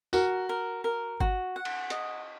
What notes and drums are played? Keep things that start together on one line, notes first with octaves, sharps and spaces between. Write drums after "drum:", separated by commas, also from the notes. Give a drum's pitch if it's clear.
F#4 A#4, drum: tambourine
A#4
A#4
F#4, drum: kick G1
F#5
drum: cymbal
D#5, drum: hi-hat